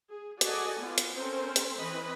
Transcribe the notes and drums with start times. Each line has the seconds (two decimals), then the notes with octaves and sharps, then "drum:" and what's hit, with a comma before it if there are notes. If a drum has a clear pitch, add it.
0.10 G#4
0.41 F#4 G#4 A4 D5 D#5 G#5, drum: hi-hat
0.77 B3 F4
0.98 drum: hi-hat
1.15 C4 C#4 A4 A#4 C5
1.56 drum: hi-hat
1.78 E3 C4 B4 D#5 B5